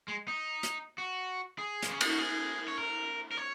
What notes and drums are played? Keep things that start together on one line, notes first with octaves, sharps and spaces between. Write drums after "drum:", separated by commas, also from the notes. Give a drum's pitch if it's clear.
G#3
D#4
drum: hi-hat
F#4
G#4
A#3, drum: hi-hat
C#4
D#4, drum: cymbal
F#4
G#4
C#5
A#4
A#4
C#5